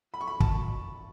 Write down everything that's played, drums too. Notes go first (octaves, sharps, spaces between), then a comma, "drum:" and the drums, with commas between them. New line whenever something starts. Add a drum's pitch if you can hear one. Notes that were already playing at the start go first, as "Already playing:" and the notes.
B5
C#6
B5
A5, drum: kick